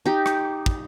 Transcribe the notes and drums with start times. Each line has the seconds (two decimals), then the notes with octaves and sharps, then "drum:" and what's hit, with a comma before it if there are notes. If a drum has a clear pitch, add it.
0.06 D#4 G4
0.26 drum: rim click
0.66 drum: kick